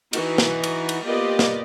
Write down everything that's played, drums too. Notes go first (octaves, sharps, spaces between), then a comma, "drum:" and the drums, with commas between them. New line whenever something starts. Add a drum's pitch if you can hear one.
E3 D#4 F#4, drum: cymbal
drum: snare
drum: cymbal
drum: cymbal
A#3 B3 F4 G4 D5 D#5
drum: snare